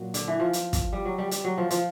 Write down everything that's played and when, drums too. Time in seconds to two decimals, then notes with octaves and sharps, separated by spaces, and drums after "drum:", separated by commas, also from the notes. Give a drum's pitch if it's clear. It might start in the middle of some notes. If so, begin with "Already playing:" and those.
Already playing: A#2 F#3
0.14 D3, drum: hi-hat
0.28 E3
0.40 F3
0.53 drum: hi-hat
0.73 drum: kick, hi-hat
0.93 G3
1.05 F#3
1.18 G3
1.31 G3, drum: hi-hat
1.44 F#3
1.58 F3
1.70 F3, drum: hi-hat